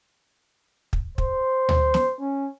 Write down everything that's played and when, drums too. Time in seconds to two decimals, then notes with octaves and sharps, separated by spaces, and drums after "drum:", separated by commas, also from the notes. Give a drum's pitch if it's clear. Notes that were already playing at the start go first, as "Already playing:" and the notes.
0.93 drum: kick
1.18 C5, drum: kick
1.69 drum: tom D2
1.94 drum: snare
2.21 C#4